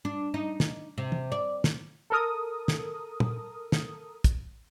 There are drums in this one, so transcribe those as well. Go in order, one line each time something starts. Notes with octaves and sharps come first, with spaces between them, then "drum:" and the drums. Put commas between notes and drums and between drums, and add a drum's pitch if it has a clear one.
D4
D#4
drum: snare
C3
drum: tom
D5
drum: snare
A4 A#4 D#6
drum: snare
drum: tom
drum: snare
drum: kick, hi-hat